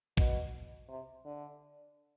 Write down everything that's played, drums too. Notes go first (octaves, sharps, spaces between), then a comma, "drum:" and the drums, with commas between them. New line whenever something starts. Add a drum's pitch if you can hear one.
B2, drum: kick
C3
D3